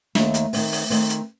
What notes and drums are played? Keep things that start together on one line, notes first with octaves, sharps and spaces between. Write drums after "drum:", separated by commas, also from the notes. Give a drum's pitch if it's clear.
D#2 D#3 A3, drum: snare
drum: hi-hat
D#3 A3 C4, drum: open hi-hat
drum: open hi-hat
D#3 A3 C4, drum: open hi-hat
drum: hi-hat